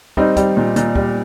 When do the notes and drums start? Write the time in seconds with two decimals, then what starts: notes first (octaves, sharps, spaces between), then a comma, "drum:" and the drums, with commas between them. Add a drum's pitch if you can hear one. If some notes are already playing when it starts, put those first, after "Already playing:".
0.17 G3 C4 D#4, drum: kick
0.37 G3, drum: kick, hi-hat
0.57 A#2
0.76 A#2, drum: hi-hat
0.95 G3, drum: kick